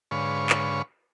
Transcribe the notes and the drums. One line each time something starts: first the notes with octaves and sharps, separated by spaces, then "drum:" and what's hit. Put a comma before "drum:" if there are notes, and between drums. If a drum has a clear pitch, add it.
G#2 D3 B4 C#5 F5 C#6
drum: clap